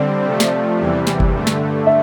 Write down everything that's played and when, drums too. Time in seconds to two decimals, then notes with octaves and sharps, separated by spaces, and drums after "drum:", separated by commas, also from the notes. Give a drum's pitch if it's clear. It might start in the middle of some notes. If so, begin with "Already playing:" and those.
Already playing: D3 G3 C4 D5
0.27 C3 F3 A3
0.40 drum: snare
0.80 E2 C3 E3 G3
1.07 drum: snare
1.20 drum: kick G1
1.33 G2 D3 A3
1.47 drum: snare
1.87 E5